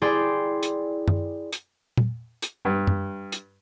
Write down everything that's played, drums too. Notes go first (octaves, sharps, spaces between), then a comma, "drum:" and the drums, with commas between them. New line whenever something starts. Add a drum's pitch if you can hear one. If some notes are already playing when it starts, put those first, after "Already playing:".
E4 G#4 D5 G5 C6
drum: hi-hat
drum: tom F#2
drum: hi-hat
drum: tom A#2
drum: hi-hat
G2
drum: tom F#2
drum: hi-hat